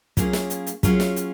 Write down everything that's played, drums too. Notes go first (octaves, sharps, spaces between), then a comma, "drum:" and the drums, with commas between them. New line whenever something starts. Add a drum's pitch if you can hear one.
F#3 A#3 C#4 F4 G#4, drum: kick, hi-hat
drum: snare
drum: hi-hat
drum: hi-hat
F#3 A#3 C#4 F4 G#4, drum: kick, hi-hat
drum: snare
drum: hi-hat